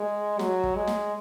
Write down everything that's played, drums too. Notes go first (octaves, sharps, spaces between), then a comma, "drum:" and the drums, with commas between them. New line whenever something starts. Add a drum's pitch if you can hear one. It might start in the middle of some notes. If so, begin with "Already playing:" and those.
Already playing: G#3
F#3, drum: snare
drum: kick
G#3
drum: snare